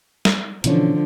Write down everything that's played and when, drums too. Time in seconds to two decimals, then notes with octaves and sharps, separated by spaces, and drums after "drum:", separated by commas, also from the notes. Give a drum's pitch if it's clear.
0.25 drum: snare
0.64 B2 D3 E3 F3 C#4, drum: hi-hat